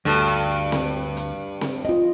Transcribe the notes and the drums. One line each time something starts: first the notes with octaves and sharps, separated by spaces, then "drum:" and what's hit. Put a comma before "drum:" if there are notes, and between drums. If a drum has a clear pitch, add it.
D2 G2 A4
drum: hi-hat
drum: snare C4
drum: hi-hat
drum: snare C4
F4 D#5